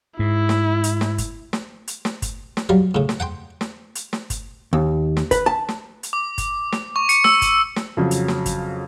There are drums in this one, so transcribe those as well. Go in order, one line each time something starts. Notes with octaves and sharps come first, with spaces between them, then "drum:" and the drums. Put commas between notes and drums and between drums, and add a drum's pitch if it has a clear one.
G#2 E4
drum: snare
drum: hi-hat
drum: snare
drum: kick, hi-hat
drum: snare
drum: hi-hat
drum: snare
drum: kick, hi-hat
drum: snare
F#3 G3 F5
A2 C#3
drum: snare
F#5 G5 C6
drum: snare
drum: hi-hat
drum: snare
drum: kick, hi-hat
D#2
drum: snare
B4, drum: kick, hi-hat
A5
drum: snare
drum: hi-hat
D6
drum: kick, hi-hat
drum: snare
C#6
C#7, drum: hi-hat
E6, drum: snare
drum: kick, hi-hat
drum: snare
F2 C#3 F#3
drum: hi-hat
drum: snare
drum: kick, hi-hat